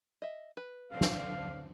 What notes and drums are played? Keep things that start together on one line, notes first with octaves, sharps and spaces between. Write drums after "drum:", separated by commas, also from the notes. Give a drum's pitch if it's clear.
D#5 E5
B4
D3 C4 F5
drum: snare